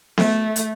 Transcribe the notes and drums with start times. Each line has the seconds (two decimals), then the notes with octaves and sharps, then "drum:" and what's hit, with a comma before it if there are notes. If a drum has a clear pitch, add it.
0.18 A3, drum: snare B3
0.56 drum: hi-hat